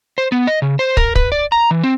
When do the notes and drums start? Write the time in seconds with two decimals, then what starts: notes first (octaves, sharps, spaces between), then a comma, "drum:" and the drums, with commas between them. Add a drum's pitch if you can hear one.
0.18 C5
0.32 B3
0.47 D#5
0.62 C#3
0.79 C5
0.97 A#4, drum: kick
1.15 B4, drum: kick
1.32 D5
1.52 A#5
1.71 E3
1.83 C4